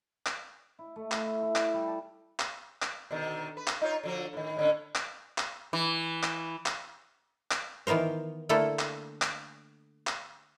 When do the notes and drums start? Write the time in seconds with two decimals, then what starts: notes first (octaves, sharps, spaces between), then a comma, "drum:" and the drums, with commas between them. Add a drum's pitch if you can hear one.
0.26 drum: clap
0.79 E4
0.96 A3
1.12 E4, drum: clap
1.26 E4
1.42 E4
1.56 D5, drum: clap
1.74 G3
1.88 A5
2.40 drum: clap
2.82 drum: clap
3.11 B2 D3 D#3
3.57 B4
3.67 drum: clap
3.81 D#4 F4 C#5
4.04 D3 F3 F#4
4.33 A2 D#3
4.57 A2 D3 C#4
4.95 drum: clap
5.38 drum: clap
5.73 E3
6.23 drum: clap
6.66 drum: clap
7.51 drum: clap
7.87 D#3 E3 B3 A#4 C5
8.49 D3 A3 A#3 E4 A4
8.79 drum: clap
9.22 drum: clap
10.07 drum: clap